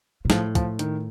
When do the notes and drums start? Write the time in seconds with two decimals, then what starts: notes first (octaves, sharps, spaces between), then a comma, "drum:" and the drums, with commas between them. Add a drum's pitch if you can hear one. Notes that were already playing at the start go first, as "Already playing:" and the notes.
0.25 A#2
0.30 A2 F3, drum: snare
0.55 F3, drum: kick, hi-hat
0.79 D#3, drum: hi-hat